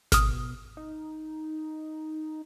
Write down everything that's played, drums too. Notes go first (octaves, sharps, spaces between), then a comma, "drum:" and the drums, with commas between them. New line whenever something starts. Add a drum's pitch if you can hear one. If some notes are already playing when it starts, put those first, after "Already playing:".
B2 D#6 F6, drum: snare G#1
D#4